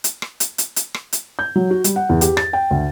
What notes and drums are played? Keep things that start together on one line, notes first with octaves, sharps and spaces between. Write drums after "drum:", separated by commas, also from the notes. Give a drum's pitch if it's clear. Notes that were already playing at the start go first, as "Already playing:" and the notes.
drum: hi-hat
drum: rim click
drum: hi-hat
drum: hi-hat
drum: hi-hat
drum: rim click
drum: hi-hat
G6
F#3
F#4
G3, drum: hi-hat
F#5
E2
G4, drum: hi-hat
A6, drum: rim click
G5
D2